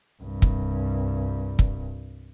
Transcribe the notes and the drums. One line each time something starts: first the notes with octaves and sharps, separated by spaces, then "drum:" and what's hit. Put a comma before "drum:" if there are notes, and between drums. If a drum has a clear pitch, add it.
C2 G2
drum: kick
drum: kick